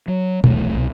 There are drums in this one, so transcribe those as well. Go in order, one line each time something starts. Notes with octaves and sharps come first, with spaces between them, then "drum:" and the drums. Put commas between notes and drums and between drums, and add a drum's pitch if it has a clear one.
F#3
D#1 B1 E2 A3, drum: tom
C2 B2